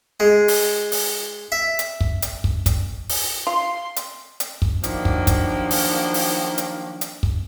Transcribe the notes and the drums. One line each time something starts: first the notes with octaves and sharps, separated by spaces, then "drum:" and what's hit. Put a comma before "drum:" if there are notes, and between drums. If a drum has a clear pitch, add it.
G#3
drum: open hi-hat
drum: open hi-hat
E5
drum: hi-hat
drum: kick
drum: hi-hat
drum: kick
drum: kick, hi-hat
drum: open hi-hat
F4 C6
drum: hi-hat
drum: hi-hat
drum: kick
D#3 F3 F#3 A#3 D4, drum: hi-hat
drum: kick
drum: kick, hi-hat
drum: open hi-hat
drum: open hi-hat
drum: hi-hat
drum: hi-hat
drum: kick